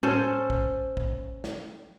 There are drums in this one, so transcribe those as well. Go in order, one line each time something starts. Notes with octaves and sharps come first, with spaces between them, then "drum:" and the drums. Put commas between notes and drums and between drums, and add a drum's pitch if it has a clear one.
C#4 A4 C5 A5, drum: tom A2
drum: kick
drum: kick
drum: snare